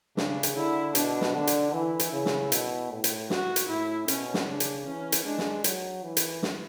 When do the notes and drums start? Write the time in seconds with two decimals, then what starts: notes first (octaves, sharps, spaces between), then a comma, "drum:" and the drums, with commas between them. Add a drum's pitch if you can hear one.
0.17 C#3 D4, drum: snare
0.43 drum: hi-hat
0.56 D3 E4
0.95 B2 D4, drum: hi-hat
1.21 drum: snare
1.35 D3 D4
1.47 drum: hi-hat
1.73 E3 E4
2.00 drum: hi-hat
2.13 C#3
2.26 drum: snare
2.52 B2, drum: hi-hat
2.91 A2
3.04 drum: hi-hat
3.30 F#4, drum: snare
3.56 drum: hi-hat
3.69 A2 E4
4.08 B2 C#4, drum: hi-hat
4.34 drum: snare
4.47 C#3 D4
4.60 drum: hi-hat
4.86 E3 C#4
5.12 drum: hi-hat
5.25 G#3 D4
5.38 drum: snare
5.64 F#3, drum: hi-hat
6.04 E3
6.17 drum: hi-hat
6.43 drum: snare